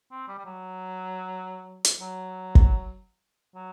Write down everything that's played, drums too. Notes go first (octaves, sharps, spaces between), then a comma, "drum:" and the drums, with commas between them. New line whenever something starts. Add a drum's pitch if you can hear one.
C4
G3
G3
F#3
drum: hi-hat
F#3
drum: kick
F#3